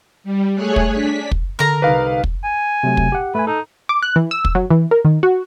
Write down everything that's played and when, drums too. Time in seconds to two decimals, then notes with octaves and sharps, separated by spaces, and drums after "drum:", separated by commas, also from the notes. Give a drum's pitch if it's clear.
0.24 G3
0.55 A3 G#4 C#5 G#5 F#6
0.76 drum: kick
0.91 D4 B6
1.31 drum: kick
1.59 D3 A#4 A#5
1.82 C2 D#4 B4 F5 D6
2.24 drum: kick
2.44 G#5
2.83 C3 F#3 A3
2.97 drum: kick
3.12 G4 F#5
3.35 A3 B4 G#5
3.47 D#4 A4
3.89 D6
4.03 F#6
4.16 E3
4.31 E6
4.45 drum: kick
4.55 F#3
4.71 E3
4.91 A#4
5.05 D#3
5.23 F#4